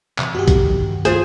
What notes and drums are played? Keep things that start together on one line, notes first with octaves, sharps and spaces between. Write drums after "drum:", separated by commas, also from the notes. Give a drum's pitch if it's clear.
C3 E3, drum: clap
G2 D#3 B3 F#4 G4
drum: kick A#1, hi-hat
F4 G#4 C5, drum: hi-hat